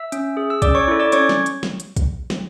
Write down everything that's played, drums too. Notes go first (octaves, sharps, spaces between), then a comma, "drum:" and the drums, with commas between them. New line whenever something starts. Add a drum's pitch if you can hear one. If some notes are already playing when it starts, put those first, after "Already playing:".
Already playing: E5 E6
C#4, drum: hi-hat
G#4
E6
C#4 D5 D6, drum: kick, hi-hat
C#5 C#6
E4 A4
D5 D6
C#4 C#5 C#6, drum: hi-hat
drum: snare
drum: hi-hat
drum: snare
drum: hi-hat
drum: kick, hi-hat
drum: snare